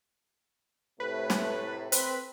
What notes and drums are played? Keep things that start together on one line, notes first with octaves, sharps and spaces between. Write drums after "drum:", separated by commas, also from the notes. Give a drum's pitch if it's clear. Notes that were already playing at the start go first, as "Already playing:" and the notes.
A2 C3 A3 B4
drum: snare
C4 B4, drum: hi-hat